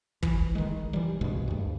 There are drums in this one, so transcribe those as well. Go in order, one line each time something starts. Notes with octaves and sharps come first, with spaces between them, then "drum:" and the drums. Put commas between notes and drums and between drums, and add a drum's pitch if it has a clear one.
E3, drum: kick
D#3 G#3
E3 G3
C2 G2 B2 G#3
D2 G2